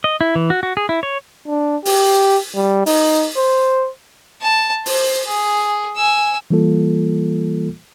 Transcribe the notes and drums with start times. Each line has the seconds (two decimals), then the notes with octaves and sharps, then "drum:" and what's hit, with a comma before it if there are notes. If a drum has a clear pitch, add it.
0.04 D#5
0.21 E4
0.35 E3
0.50 F#4
0.63 F#4
0.77 G#4
0.89 E4
1.03 C#5
1.47 D4
1.85 G4, drum: open hi-hat
2.55 G3
2.86 D#4, drum: open hi-hat
3.37 C5
4.42 A5
4.86 C5, drum: open hi-hat
5.27 G#4
5.96 G#5 E6
6.50 E3 G3 A#3 F4 A4